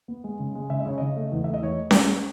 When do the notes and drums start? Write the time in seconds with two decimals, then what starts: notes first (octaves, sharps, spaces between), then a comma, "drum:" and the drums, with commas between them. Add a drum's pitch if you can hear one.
0.08 B3
0.24 G#3
0.39 C#3
0.55 G#3
0.70 C#3 E5
0.79 D#5
0.86 C#3 C#5
0.98 C#3 D#5
1.16 A3
1.32 E2
1.44 A3 E5
1.54 D#5
1.62 E2 C#5
1.91 drum: snare C#4